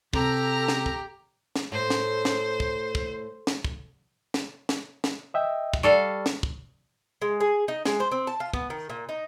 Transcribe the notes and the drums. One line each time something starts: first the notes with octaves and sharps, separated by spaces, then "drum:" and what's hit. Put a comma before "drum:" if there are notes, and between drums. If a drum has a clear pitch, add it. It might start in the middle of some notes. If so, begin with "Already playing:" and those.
C3 G4 A4 A#5, drum: kick
drum: snare
drum: kick
drum: snare
A2 C5
drum: snare
drum: snare
drum: kick
drum: kick
drum: snare
drum: kick
drum: snare
drum: snare
drum: snare
D#5 E5 G5
drum: kick
G3 A4 F5 C#6
drum: snare
drum: kick
G#3
G#4
D#4
G#3, drum: snare
C5
C4
A5
F4
B3, drum: kick
D#3
A#2
D#4